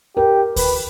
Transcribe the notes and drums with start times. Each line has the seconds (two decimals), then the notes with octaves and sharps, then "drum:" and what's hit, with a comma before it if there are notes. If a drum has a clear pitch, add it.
0.17 G4 A#4
0.56 B4, drum: kick D2, open hi-hat